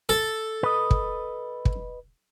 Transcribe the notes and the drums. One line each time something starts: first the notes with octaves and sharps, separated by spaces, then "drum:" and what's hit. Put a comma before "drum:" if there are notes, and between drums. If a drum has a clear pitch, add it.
A4
B4 D#5
drum: kick
drum: kick